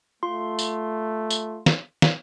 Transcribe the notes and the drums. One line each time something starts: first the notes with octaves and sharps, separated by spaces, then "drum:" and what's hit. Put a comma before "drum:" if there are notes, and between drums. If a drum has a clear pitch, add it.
A3 F4 C6
drum: tambourine
drum: tambourine
drum: snare
drum: snare